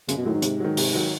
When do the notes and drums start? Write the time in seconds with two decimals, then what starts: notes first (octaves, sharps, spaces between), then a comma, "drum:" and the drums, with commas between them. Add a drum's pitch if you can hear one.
0.09 F#2 C#3, drum: hi-hat
0.17 B2
0.25 A2 D#3 F#3
0.34 G#2
0.42 C3, drum: hi-hat
0.60 D#3 F#3
0.77 C3, drum: open hi-hat
0.94 D#3 F#3